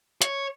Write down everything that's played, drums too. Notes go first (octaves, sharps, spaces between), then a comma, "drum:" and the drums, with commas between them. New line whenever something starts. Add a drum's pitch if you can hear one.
C#5, drum: hi-hat